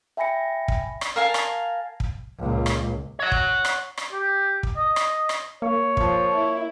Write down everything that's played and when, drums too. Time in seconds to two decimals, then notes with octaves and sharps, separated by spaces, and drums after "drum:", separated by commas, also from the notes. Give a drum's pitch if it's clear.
0.17 E5 G5 G#5 B5 A#6 C#7
0.68 drum: kick
1.01 drum: rim click
1.16 A#4 F5 G#5 A5
1.34 drum: rim click
2.00 drum: kick
2.38 C#2 A#2
2.66 drum: rim click
3.19 C#5 F#5
3.32 drum: kick
3.65 drum: rim click
3.97 drum: rim click
4.12 G4
4.63 drum: kick
4.76 D#5
4.96 drum: rim click
5.29 drum: rim click
5.62 A#3 C#5
5.97 F3, drum: kick
6.36 E4